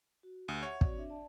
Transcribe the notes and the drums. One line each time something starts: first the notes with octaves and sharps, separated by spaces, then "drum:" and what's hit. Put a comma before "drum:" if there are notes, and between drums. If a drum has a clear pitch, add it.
F#4
D2 G4
C#5 E5 F#5
C4 F#4 D5, drum: kick
D4 E5
D5 A5